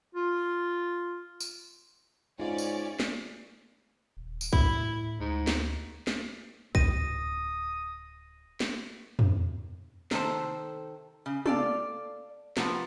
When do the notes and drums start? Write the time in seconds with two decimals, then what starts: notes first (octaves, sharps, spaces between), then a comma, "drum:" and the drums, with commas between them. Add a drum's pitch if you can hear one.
0.15 F4
1.40 drum: tambourine
2.40 G#2 C#4 F4 C#5 D5
2.58 drum: tambourine
3.00 drum: snare
4.17 D#1
4.41 drum: tambourine
4.53 A2 E4, drum: kick B1
5.20 D2 G#2
5.47 drum: snare
6.07 drum: snare
6.75 D1 D#6 A#6 D#7, drum: kick B1
8.60 drum: snare
9.19 drum: tom
10.11 C3 D#3 A4 C5, drum: snare
11.26 C#3
11.46 A4 D5 F5, drum: tom
12.57 C3 F3 A#3 B3, drum: snare